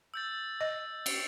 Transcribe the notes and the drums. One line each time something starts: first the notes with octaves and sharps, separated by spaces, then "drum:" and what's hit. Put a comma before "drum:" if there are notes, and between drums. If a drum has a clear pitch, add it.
E6 G6 A6
D#5
C#7 D7 F7, drum: cymbal